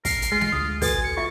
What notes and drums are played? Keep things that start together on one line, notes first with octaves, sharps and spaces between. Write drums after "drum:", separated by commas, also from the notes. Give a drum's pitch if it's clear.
A#4 C7, drum: kick, open hi-hat
drum: hi-hat
G#3 F4
drum: snare
D2 D#6
F#4 A4 B4 G#5 A6, drum: kick, open hi-hat
C#7
F4 E5 C#6